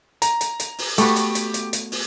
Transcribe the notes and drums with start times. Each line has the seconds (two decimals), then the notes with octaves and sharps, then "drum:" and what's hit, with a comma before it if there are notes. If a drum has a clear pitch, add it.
0.22 A#5, drum: hi-hat
0.41 drum: hi-hat
0.60 drum: hi-hat
0.78 drum: open hi-hat
0.98 A3 B3 F#4 G4, drum: hi-hat
1.16 drum: hi-hat
1.35 drum: hi-hat
1.54 drum: hi-hat
1.73 drum: hi-hat
1.92 drum: open hi-hat